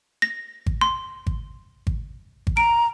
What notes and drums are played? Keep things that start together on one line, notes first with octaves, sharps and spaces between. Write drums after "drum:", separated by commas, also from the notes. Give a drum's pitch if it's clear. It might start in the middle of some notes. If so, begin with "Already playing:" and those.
A#6
drum: kick G#1
C6
drum: kick G#1
drum: kick G#1
drum: kick G#1
A#5 D7